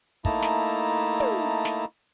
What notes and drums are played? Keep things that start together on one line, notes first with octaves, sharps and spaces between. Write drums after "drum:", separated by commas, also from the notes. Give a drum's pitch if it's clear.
A3 A#3 D#4 E4 A5 A#5, drum: kick
drum: snare
drum: tom
drum: snare